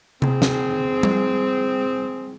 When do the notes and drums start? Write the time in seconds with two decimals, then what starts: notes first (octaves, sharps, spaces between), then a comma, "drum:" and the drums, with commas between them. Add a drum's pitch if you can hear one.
0.22 C4 G#4, drum: tom C3
0.42 drum: snare
1.03 drum: tom G3